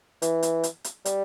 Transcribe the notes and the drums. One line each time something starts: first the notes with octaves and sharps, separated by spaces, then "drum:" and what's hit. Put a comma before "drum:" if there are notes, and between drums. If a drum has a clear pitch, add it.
E3, drum: hi-hat
drum: hi-hat
drum: hi-hat
drum: hi-hat
G3, drum: hi-hat